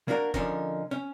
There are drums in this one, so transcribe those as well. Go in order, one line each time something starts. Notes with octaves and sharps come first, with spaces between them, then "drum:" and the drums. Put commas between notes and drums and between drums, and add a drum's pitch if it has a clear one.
A#3 D4 F#4 A#4
D3 F3 C#4 D#4 A#4, drum: kick F1
C#4